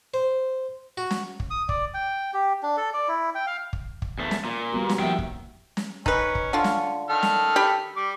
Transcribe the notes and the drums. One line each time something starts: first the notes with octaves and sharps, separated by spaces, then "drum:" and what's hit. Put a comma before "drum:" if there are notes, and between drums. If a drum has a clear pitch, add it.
C5
F#4
drum: snare
drum: kick
D#6
D5, drum: kick
G5
G4
D4
A4
D5
E4
G5
F5
drum: kick
drum: kick
E2 A3
drum: snare
A#2
G3 B3 F#4
drum: snare
D#3 F3 F#3 A#3 E5 G5
drum: kick
drum: snare
C#4 D#4 B4, drum: kick
drum: kick
D3 F4
drum: snare
D#3 A4 F6
drum: snare
G4 B5
G3 D6